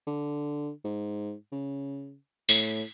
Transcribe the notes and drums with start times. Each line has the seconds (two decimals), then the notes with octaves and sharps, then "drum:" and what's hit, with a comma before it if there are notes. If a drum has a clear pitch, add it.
0.07 D3
0.84 G#2
1.52 C#3
2.49 A2, drum: tambourine